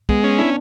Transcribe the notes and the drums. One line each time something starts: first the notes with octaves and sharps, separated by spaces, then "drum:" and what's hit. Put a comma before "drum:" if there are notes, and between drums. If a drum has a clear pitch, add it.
G#3 B3, drum: kick
C#4
D4 E4